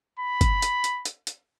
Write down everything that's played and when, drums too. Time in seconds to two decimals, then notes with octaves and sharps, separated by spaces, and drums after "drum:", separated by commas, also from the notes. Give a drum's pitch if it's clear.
0.19 B5
0.41 drum: kick, hi-hat
0.62 drum: hi-hat
0.84 drum: hi-hat
1.05 drum: hi-hat
1.27 drum: hi-hat